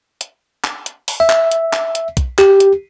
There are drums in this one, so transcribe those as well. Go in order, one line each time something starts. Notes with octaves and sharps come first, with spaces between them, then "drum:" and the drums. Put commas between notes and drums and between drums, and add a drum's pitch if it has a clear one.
drum: hi-hat
drum: clap
drum: hi-hat
drum: open hi-hat
E5
drum: clap
drum: hi-hat
drum: clap
drum: hi-hat
drum: kick, hi-hat
G4, drum: clap
drum: hi-hat